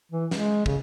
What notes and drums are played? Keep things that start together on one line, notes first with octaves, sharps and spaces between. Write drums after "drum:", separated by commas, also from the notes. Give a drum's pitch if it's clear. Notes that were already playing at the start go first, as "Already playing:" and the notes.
E3
G#3, drum: snare
C#3, drum: kick